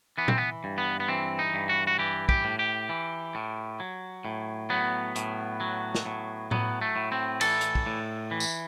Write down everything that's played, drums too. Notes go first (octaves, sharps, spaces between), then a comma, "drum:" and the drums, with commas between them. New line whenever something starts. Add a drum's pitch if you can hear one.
E3 B3
C4, drum: tom A#2
B3
G2
B3
B3
E3 C4
D#4
G2
F#4
F#4
E3 G4
G4, drum: kick
A2
G4
E3
A2
F#3
A2
F#3 B3
A2, drum: hi-hat
F#3
drum: snare
A2
F#3 B3, drum: tom A2
A3
A2
C4
E3 A4, drum: cymbal
drum: hi-hat
drum: kick
A2
E3
drum: tambourine